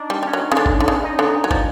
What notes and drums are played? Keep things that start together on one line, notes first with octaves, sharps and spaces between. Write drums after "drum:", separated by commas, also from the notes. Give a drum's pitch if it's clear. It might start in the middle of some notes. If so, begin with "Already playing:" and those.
Already playing: D4 D#4
G3
G3 C#4
F#3
C#3
D3 D4
drum: kick
D3
C#3
D#4
D3
F#3
F3, drum: kick